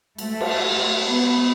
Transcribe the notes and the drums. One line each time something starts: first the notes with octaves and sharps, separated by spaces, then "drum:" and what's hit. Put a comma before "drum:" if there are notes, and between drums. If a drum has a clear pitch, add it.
A3, drum: cymbal
drum: cymbal
B3